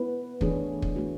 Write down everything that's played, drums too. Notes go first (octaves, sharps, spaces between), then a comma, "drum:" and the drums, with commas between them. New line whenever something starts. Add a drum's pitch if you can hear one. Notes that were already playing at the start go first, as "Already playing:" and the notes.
Already playing: B3 E4 B4
E3 A3 D4 G#4 C#5, drum: kick
drum: kick
A3 D4 F#4